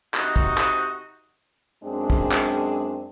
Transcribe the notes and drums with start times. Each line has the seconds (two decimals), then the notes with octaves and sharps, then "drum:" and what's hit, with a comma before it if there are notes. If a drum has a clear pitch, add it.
0.14 C3 D#4 F#4, drum: clap
0.36 drum: kick
0.58 drum: clap
1.83 F#2 G#3 C4 D4 G#4
2.10 drum: kick
2.31 drum: clap